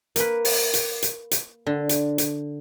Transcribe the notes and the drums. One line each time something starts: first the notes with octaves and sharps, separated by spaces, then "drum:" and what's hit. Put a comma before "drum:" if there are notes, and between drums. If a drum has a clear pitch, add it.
A#3 B4, drum: hi-hat
drum: open hi-hat
drum: hi-hat
drum: hi-hat
drum: hi-hat
D3
drum: hi-hat
drum: hi-hat